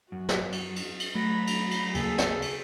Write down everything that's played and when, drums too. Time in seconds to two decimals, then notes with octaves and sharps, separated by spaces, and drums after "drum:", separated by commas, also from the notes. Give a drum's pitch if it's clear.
0.12 F#2 F#4
0.29 drum: snare
0.52 drum: cymbal
0.76 drum: cymbal
1.00 drum: cymbal
1.15 F#3 A3 A#5 B5
1.47 drum: cymbal
1.71 drum: cymbal
1.95 D#2 C#3 A#3 G#4 A4, drum: cymbal
2.18 drum: snare
2.42 drum: cymbal